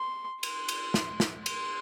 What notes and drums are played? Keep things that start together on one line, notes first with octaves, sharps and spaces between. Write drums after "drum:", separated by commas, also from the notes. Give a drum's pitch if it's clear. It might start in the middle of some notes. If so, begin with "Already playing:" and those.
Already playing: C6
C6, drum: cymbal
drum: cymbal
drum: snare
drum: snare
C6, drum: cymbal